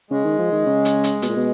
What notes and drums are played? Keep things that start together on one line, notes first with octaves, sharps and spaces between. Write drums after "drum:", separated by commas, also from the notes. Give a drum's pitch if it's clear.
C#3 G#3
D#3
F3
D#3
C#3
drum: hi-hat
drum: hi-hat
B2, drum: hi-hat
A#2
B2